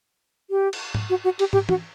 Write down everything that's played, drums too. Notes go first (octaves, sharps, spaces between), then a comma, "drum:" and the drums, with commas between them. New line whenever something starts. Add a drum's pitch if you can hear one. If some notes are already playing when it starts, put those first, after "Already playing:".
G4
drum: cymbal
drum: tom G#2
F#4
F#4
G4, drum: cymbal
G4, drum: tom
F#4, drum: tom